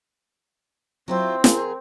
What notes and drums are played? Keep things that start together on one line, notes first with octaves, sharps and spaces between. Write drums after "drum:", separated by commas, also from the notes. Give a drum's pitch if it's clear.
F#3 C4 E4 F4
F2 G#4 A#4, drum: snare